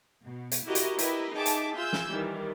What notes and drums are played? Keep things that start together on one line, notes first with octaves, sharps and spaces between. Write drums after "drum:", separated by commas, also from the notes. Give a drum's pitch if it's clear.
B2
drum: hi-hat
E4 F#4 G4 A#4 D#5 A#5
drum: hi-hat
E4 G4 A#4 B4 D#5 E5, drum: hi-hat
D#4 G#4 E5 G5 A5 D6
drum: hi-hat
F4 G#5 E6 G6
drum: snare
D#3 E3 G3